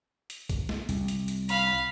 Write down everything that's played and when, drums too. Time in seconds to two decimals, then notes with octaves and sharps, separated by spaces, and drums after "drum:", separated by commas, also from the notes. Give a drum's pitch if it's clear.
0.30 drum: hi-hat
0.49 drum: kick B1, hi-hat
0.69 drum: snare
0.89 C2, drum: hi-hat
1.08 drum: hi-hat
1.28 drum: hi-hat
1.49 F5 B5, drum: hi-hat